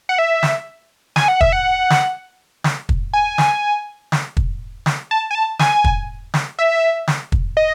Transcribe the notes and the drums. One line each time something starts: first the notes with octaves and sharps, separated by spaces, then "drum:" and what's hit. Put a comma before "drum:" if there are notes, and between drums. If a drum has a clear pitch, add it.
F#5
E5
drum: snare
G#5, drum: snare
F#5
E5, drum: kick
F#5
drum: snare
drum: snare
drum: kick
G#5
drum: snare
drum: snare
drum: kick
drum: snare
A5
G#5
A5
G#5, drum: snare
drum: kick
drum: snare
E5
drum: snare
drum: kick
D#5